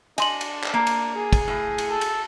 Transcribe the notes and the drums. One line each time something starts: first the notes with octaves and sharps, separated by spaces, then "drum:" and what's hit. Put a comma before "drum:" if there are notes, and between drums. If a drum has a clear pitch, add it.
D4 D#5 G#5 C6 F#7, drum: cymbal
drum: cymbal
drum: clap
A#3
drum: cymbal
G#4
drum: kick, cymbal
A2
drum: cymbal
A4
drum: cymbal